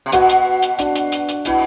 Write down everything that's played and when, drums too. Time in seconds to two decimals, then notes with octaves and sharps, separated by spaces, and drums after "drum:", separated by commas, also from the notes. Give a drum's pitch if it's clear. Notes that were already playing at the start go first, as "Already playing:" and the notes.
0.06 C3
0.12 B2 F#4, drum: hi-hat
0.29 drum: hi-hat
0.62 drum: hi-hat
0.79 D4, drum: hi-hat
0.96 drum: hi-hat
1.12 drum: hi-hat
1.29 drum: hi-hat
1.45 B2 E4, drum: hi-hat